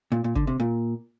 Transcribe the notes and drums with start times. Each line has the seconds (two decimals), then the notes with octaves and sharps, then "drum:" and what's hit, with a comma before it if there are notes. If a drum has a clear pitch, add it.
0.12 A#2
0.24 A#2
0.35 D3, drum: kick
0.47 C3
0.60 A#2